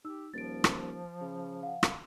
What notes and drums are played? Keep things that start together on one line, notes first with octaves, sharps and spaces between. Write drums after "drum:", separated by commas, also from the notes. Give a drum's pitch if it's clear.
D#4 G4 E6
D#1 F3 A6 D7
drum: rim click
C#3
F5 F#5
drum: rim click